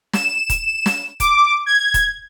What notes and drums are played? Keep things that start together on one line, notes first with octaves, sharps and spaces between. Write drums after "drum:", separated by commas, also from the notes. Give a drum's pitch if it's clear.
E7, drum: snare
drum: kick D#1, hi-hat
drum: snare
D6, drum: kick D#1, hi-hat
G#6
drum: kick D#1, hi-hat